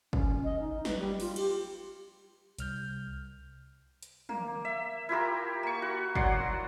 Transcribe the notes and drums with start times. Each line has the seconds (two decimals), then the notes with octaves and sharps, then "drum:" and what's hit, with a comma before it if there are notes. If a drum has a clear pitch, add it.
0.13 C#4, drum: kick
0.44 D#5
0.59 D#4
0.85 B4, drum: snare
0.98 G3
1.20 F4, drum: open hi-hat
1.36 G4, drum: cymbal
2.59 C2 F6 G6, drum: hi-hat
4.03 drum: hi-hat
4.29 A#3, drum: tom
4.65 E5
5.09 E4 F4 G4 A#4
5.63 A#3 C#6
5.82 F#4
6.16 F#3 D5 F#5 C6, drum: kick